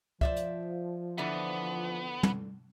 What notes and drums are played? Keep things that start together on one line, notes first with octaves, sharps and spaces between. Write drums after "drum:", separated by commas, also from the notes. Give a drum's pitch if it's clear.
F3 C5 D5 E5, drum: kick
drum: hi-hat
D3 E3 B3 E5
drum: tom